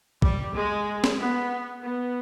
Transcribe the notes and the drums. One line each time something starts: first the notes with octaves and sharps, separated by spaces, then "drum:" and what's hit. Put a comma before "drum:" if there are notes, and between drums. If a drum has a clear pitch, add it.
G3, drum: kick
G#3
drum: snare
B3
B3